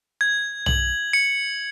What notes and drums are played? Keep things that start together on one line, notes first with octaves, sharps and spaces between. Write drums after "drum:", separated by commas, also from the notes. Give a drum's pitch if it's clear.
G#6
F#7, drum: tom
C#7